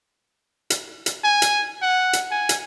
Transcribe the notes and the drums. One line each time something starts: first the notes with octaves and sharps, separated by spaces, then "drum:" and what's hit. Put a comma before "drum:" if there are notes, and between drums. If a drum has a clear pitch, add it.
drum: hi-hat
drum: hi-hat
G#5
drum: hi-hat
F#5
drum: hi-hat
G#5
drum: hi-hat